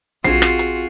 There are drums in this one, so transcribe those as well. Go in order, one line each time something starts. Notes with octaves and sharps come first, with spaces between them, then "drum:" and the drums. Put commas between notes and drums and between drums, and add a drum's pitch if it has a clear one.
A#1 C4 F4 F#4 G#4 C7, drum: hi-hat
drum: rim click
drum: hi-hat